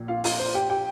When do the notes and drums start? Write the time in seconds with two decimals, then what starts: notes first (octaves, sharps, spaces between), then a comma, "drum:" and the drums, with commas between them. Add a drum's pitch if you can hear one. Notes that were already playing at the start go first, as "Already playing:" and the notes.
Already playing: A#1 A#2
0.08 F4 F5
0.24 F4 F5, drum: open hi-hat
0.39 C5
0.54 G4 G5
0.70 G4 G5